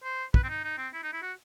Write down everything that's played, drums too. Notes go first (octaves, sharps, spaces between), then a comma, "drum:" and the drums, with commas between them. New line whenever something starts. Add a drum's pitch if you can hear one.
C5
B4, drum: kick
C4
D#4
D#4
C4
E4
D#4
E4
F#4